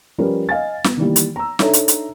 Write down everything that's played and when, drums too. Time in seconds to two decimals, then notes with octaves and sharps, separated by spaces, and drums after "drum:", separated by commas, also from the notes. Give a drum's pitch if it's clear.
0.18 F3 G3 C#4 A#4 B4
0.49 D#5 F5 G#5 A6
0.84 B3, drum: snare
0.97 D#3 E3 G3 A#3
1.16 drum: hi-hat
1.36 A#5 E6
1.59 D4 D#4 A4 C#5 E5 A#5, drum: snare
1.73 drum: hi-hat
1.88 drum: hi-hat